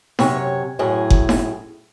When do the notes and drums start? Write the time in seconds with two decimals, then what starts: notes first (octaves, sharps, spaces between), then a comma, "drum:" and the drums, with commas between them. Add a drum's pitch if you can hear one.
0.19 F#2 C3 C#5, drum: snare D#4
0.79 F#2 A2 G#4
1.10 drum: kick F#1
1.29 drum: snare D#4